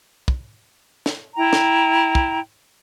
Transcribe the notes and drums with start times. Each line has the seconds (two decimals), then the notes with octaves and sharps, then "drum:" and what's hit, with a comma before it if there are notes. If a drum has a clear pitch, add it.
0.28 drum: kick
1.06 drum: snare
1.37 E4 G5 A#5
1.53 drum: snare
2.15 drum: kick